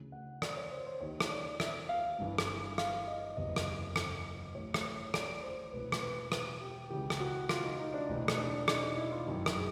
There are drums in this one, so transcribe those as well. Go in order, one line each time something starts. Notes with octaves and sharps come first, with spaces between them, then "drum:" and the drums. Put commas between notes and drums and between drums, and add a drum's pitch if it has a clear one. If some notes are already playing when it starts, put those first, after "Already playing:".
Already playing: D2 C#3 E3
F#5
D5, drum: rim click
C#5
C5
C5
D#2 D#3 C#5
drum: rim click
D5
E5, drum: rim click
F5
G1 G2 E3
drum: rim click
F5, drum: rim click
D#5
F#1 E2 C3 D#5
drum: rim click
drum: rim click
A1 A2 E3 C#5
drum: rim click
C#5
D5, drum: rim click
C5
E1 D2 C3 E3 B4
drum: rim click
B4
B4, drum: rim click
G4
C#2 C#3 E3 G4
drum: rim click
F#4
F4, drum: rim click
D#4
D#4
D4
E1 D2 C3 E3 D#4
drum: rim click
D4
D#4, drum: rim click
D#4
E4
F4
G1 F#2 D#3
drum: rim click
G#4